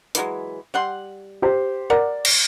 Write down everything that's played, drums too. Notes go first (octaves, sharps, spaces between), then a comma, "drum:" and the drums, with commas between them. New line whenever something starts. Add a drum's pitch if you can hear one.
E3 F#3 G#3, drum: hi-hat
G3 F#5 C6
G4 C5
A#4 D5 F#5
drum: cymbal